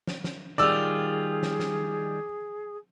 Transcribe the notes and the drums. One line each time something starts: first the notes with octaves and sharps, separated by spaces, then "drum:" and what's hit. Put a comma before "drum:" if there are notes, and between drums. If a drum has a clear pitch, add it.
drum: snare
drum: snare
D#3 G3 F4 G#4 D5 E6
drum: snare
drum: snare